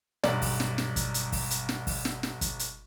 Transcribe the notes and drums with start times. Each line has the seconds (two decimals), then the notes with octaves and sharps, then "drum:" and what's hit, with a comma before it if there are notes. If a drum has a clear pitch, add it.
0.24 B1 G2 D5, drum: snare
0.42 drum: kick, open hi-hat
0.60 drum: snare
0.78 drum: snare
0.96 drum: kick, hi-hat
1.14 drum: hi-hat
1.32 drum: kick, open hi-hat
1.51 drum: hi-hat
1.69 drum: snare
1.87 drum: kick, open hi-hat
2.05 drum: snare
2.23 drum: snare
2.41 drum: kick, hi-hat
2.59 drum: hi-hat